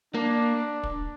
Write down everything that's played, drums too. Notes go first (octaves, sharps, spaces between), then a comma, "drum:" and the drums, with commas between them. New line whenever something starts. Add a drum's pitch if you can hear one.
A#3 D4
drum: kick